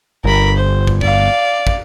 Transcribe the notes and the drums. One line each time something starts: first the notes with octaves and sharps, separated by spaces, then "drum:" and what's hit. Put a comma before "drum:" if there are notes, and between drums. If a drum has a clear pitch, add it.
G1 A#4 B5
C5
drum: kick
D5 F5, drum: kick
drum: kick